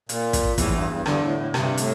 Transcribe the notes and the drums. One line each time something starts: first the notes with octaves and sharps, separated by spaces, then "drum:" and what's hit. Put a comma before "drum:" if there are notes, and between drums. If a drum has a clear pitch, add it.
A#2, drum: hi-hat
drum: kick, hi-hat
E2 A2 E3, drum: kick, hi-hat
G2
G2
G2 D3, drum: rim click
A2
A2
G2 C3, drum: rim click
A2, drum: hi-hat